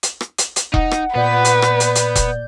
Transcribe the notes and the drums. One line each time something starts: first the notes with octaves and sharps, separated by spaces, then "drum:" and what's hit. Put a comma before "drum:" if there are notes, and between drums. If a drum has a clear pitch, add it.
drum: hi-hat
drum: rim click
drum: hi-hat
drum: hi-hat
D#4 F#5, drum: kick E1
drum: rim click
A#2 B3 B4 D5 G6
drum: hi-hat
drum: rim click
drum: hi-hat
B5, drum: hi-hat
drum: kick E1, hi-hat